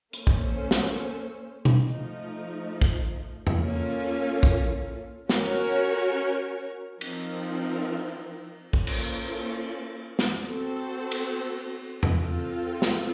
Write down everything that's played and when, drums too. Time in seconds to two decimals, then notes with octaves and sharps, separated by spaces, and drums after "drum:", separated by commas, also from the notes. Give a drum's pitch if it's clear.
0.13 A#3 C#4 A4 C5, drum: hi-hat
0.27 drum: kick
0.71 drum: snare
1.65 drum: tom B2
1.85 F3 A3 D#4
2.81 drum: kick
3.47 drum: tom E2
3.58 A#3 C#4 F4 A4
4.43 drum: kick
5.29 C#4 F#4 A#4 C#5, drum: snare
7.01 F3 C4 D#4 A#4, drum: cymbal
8.73 A#3 C#4 F4 A4 C5, drum: kick
8.87 drum: cymbal
10.19 drum: snare
10.45 C4 F#4 A4 C5
11.11 drum: cymbal
12.03 drum: tom E2
12.17 C4 F4 A4
12.82 drum: snare